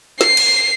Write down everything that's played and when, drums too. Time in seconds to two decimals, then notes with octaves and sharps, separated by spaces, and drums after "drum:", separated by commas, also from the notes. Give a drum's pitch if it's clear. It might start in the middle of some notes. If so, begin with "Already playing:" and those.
0.21 C7, drum: snare
0.37 drum: cymbal